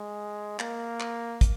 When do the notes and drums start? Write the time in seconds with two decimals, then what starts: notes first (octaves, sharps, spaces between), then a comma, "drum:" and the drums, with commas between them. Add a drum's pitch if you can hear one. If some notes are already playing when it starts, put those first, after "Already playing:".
Already playing: G#3
0.59 A#3, drum: clap
1.00 drum: clap
1.41 drum: kick, hi-hat